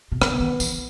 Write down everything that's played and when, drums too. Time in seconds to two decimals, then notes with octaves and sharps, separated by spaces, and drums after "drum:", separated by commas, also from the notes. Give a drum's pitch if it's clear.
0.12 B2
0.22 C#3 B3, drum: rim click
0.40 D#3
0.60 E3, drum: tambourine